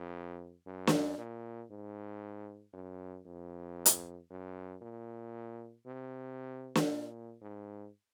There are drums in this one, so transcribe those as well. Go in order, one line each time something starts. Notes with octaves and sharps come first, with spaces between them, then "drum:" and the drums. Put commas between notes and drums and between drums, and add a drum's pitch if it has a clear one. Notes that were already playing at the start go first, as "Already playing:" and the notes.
Already playing: F2
F#2
drum: snare
A#2
G#2
F#2
F2
drum: hi-hat
F#2
A#2
C3
drum: snare
A#2
G#2